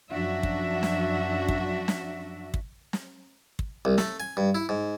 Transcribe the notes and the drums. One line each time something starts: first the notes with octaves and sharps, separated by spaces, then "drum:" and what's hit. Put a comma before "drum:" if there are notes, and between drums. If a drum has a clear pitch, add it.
F#2 F3 D4 F#4 E5
drum: kick
drum: snare
drum: kick
drum: snare
drum: kick
drum: snare
drum: kick
C2
A3, drum: snare
G#5
G2
E4
G#2